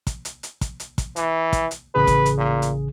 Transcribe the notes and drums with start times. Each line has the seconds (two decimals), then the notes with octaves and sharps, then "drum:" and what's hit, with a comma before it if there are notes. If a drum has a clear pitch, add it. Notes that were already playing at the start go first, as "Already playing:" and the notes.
0.07 drum: kick, hi-hat
0.25 drum: hi-hat
0.43 drum: hi-hat
0.61 drum: kick, hi-hat
0.80 drum: hi-hat
0.98 drum: kick, hi-hat
1.16 E3, drum: hi-hat
1.53 drum: kick, hi-hat
1.71 drum: hi-hat
1.95 A1 C#3 G#4 B4
2.07 drum: kick, hi-hat
2.26 drum: hi-hat
2.38 A#2
2.62 drum: hi-hat